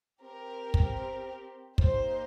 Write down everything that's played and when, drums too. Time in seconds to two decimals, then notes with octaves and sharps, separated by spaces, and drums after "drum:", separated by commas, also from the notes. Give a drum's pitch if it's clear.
0.22 C4 G4 A#4
0.74 drum: kick
1.78 A#3 D#4 G4 C5, drum: kick